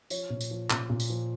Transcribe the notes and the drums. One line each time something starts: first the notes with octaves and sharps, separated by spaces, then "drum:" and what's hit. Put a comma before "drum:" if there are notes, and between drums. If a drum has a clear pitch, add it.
F3 C#5, drum: tambourine
A#2
drum: tambourine
F3
A#2, drum: clap
A#2
drum: tambourine
F3